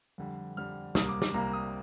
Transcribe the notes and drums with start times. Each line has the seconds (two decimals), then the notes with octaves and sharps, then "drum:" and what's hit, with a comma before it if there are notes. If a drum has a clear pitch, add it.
0.18 F2 D3 G3
0.57 F2 D3 G3 F6
0.95 C2 C3 G3 A#3 D#6, drum: snare
1.09 D6
1.22 D6, drum: snare
1.34 C2 C3 G3 A#3 A#5
1.53 D#6